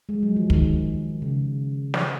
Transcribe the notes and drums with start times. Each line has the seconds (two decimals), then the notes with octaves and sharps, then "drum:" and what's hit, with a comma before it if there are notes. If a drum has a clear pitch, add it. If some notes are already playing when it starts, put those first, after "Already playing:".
0.09 G#3
0.23 F#3
0.36 F3
0.50 D#3, drum: kick
1.22 C#3
1.94 drum: snare